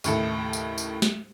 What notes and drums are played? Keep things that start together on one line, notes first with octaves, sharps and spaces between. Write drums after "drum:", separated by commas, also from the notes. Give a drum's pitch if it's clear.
D#2 A2 C#3 E4 A4 C#7, drum: tambourine
drum: tambourine
drum: tambourine
drum: snare